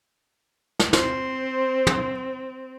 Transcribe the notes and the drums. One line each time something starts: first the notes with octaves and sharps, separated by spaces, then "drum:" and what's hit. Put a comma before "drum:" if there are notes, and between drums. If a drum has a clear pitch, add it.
drum: snare
C4 C5, drum: snare
drum: tom